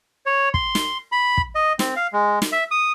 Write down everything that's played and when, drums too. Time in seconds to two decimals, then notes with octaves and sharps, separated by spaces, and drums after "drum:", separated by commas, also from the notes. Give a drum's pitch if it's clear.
0.26 C#5
0.54 C6, drum: kick
0.75 drum: snare
1.12 B5
1.37 drum: kick
1.55 D#5
1.79 C4, drum: snare
1.96 F5
2.13 G#3
2.42 drum: snare
2.52 E5
2.71 D#6